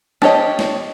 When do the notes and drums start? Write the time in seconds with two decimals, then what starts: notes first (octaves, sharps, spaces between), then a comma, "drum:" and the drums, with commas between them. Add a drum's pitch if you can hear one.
0.22 D4 G4 C#5 D#5, drum: snare
0.59 drum: snare